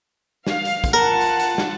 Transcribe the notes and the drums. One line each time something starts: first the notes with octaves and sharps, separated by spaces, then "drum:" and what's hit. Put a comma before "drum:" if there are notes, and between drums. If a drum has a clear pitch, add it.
F5, drum: snare
drum: hi-hat
drum: kick, hi-hat
F4 A#4 F#5 A5
drum: hi-hat
drum: hi-hat
drum: snare